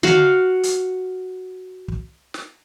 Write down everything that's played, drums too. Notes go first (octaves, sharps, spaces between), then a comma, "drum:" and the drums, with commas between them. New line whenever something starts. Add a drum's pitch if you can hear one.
F#4 F5, drum: tom D3
drum: hi-hat
drum: kick
drum: snare